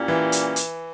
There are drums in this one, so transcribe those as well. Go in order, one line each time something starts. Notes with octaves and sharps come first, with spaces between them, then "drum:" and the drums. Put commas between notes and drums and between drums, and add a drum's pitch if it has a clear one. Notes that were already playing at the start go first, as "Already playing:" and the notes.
Already playing: A#2 G3 A#3 C#4 E4
E3
drum: hi-hat
drum: hi-hat